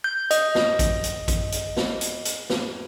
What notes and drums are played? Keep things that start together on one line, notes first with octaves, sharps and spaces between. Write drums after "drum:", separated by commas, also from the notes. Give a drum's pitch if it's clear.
G6
D#5, drum: hi-hat
drum: snare
drum: kick A1, hi-hat
drum: hi-hat
drum: kick A1, hi-hat
drum: hi-hat
drum: snare
drum: hi-hat
drum: hi-hat
drum: snare